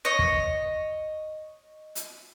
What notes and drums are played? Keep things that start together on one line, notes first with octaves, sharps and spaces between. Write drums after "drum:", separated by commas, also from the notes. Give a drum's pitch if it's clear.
C#5 D#5
drum: kick
drum: hi-hat